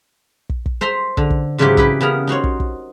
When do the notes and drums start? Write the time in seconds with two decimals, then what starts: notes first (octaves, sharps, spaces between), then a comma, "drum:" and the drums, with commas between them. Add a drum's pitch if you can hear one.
0.49 drum: kick
0.66 drum: kick
0.81 C5 E5 A#5 C6
1.17 D3, drum: kick
1.30 drum: kick
1.58 G#2 C#3 E3 F#3 F#4 G4
1.77 E4 G4 B4, drum: kick
2.01 C#3 B3 A#4 A#5
2.27 D#4 F#4 C5 C#5
2.44 drum: kick
2.60 drum: kick